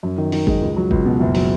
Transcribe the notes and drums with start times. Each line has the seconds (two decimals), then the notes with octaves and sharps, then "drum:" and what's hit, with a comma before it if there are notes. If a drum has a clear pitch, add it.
0.03 F#2
0.18 D#3
0.32 D#3, drum: open hi-hat
0.47 G#3, drum: kick G#1
0.61 C#2
0.77 F#3
0.91 C#2, drum: kick G#1
1.05 B2
1.20 F#1
1.35 F#3, drum: open hi-hat